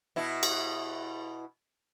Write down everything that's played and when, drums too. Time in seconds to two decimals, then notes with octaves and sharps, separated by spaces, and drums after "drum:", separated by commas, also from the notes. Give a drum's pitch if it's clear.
0.16 B2 E4
0.43 drum: cymbal